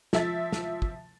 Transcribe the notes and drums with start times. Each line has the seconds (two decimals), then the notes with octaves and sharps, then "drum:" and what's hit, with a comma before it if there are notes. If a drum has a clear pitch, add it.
0.13 F3 E5 A6, drum: snare
0.52 drum: snare
0.82 drum: kick